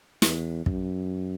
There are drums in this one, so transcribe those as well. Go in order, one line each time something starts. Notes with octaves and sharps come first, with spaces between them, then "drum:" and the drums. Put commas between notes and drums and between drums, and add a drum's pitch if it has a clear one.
E2, drum: snare
F#2, drum: kick